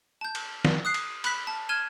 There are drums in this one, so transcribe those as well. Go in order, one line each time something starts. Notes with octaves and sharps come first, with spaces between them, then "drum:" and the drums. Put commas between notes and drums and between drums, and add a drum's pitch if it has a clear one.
A5 G6
drum: cymbal
drum: snare
D#6 F#6 C7
drum: cymbal
B5 F#6 B6, drum: cymbal
A5
F6 G#6 D#7 E7 G7